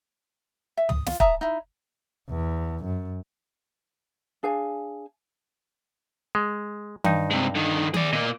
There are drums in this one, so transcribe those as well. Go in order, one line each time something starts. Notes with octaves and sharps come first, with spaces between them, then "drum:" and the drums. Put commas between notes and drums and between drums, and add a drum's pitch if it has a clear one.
E5
D#6, drum: tom
F4, drum: snare
E5 A5 A#5 D#6, drum: kick
D#4 E4
E2
F#2
D4 G#4 F5 G#5
G#3
G2 D#4, drum: tom D#3
C3 G#3
D3 D#3
G#4 D5, drum: tom D#3
A#2 A#3 D#5